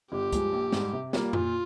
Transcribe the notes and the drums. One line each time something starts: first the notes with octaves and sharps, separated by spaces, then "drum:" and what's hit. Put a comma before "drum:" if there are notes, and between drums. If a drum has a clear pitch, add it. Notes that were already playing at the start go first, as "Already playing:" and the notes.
G1 G4
G2 F3 G#3, drum: kick, hi-hat
A#1
G#2 G3, drum: snare
C3
G3 A#3 F4, drum: snare
A#2 F4, drum: tom F2